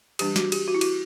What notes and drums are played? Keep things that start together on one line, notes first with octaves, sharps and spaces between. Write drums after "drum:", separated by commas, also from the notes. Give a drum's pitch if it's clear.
E3 G3 D4 G4, drum: cymbal
F#4, drum: snare
G4, drum: cymbal
F#4
E4
F#4, drum: cymbal